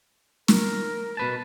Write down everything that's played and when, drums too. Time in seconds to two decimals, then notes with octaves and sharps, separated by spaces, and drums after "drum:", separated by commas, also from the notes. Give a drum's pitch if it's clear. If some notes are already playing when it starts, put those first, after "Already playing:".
0.48 A#4, drum: snare
1.17 B2 B4 A5